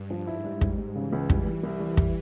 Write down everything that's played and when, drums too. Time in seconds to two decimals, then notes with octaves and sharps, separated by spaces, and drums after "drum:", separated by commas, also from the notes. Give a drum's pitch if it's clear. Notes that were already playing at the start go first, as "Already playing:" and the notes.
Already playing: G2
0.10 F3
0.27 G#2 E4
0.44 G3
0.61 G3, drum: kick
0.78 G3
0.95 C#3 E3
1.13 C#2
1.30 E3 G3, drum: kick
1.46 G3
1.63 C2
1.80 G3
1.97 E4, drum: kick